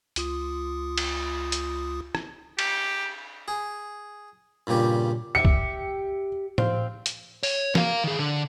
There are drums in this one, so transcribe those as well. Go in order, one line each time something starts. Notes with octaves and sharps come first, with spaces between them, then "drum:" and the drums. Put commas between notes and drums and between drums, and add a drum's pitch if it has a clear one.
C#2 F4 D#6, drum: hi-hat
drum: cymbal
drum: hi-hat
drum: rim click
G4, drum: cymbal
G#4
G2 A#2 C#3 G4
G4 E5 C#7
drum: kick
C4 F5, drum: tom A2
drum: hi-hat
C#5, drum: open hi-hat
A#4 F5, drum: snare
D#3 G#4
D3